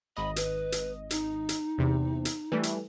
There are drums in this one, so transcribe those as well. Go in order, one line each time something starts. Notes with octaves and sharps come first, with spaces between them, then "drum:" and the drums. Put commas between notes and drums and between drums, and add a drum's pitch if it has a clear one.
G#1 D#5 B5
B4, drum: hi-hat
drum: hi-hat
D#4, drum: hi-hat
drum: hi-hat
E2 C3
drum: hi-hat
E3 G3 A3
drum: hi-hat